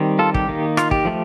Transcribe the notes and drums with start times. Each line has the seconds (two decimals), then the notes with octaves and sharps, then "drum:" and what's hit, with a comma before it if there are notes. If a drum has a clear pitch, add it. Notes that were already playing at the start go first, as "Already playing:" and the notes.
Already playing: D#3 G3 C4
0.19 F4 A4
0.34 G4, drum: kick
0.49 D#3 A#3 D#4
0.77 F4, drum: rim click
0.91 G4, drum: kick
1.05 F3 A3